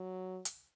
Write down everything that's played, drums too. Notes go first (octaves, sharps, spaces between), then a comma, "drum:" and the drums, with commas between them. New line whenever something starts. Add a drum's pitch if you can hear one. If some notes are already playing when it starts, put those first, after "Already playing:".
Already playing: F#3
drum: hi-hat